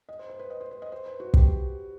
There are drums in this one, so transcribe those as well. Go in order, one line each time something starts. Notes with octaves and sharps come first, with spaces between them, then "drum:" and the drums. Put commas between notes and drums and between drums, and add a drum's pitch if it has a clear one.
D#5
C5
C5
B4
D#5
C5
C5
D#5
C5
B4
F#4
G4, drum: kick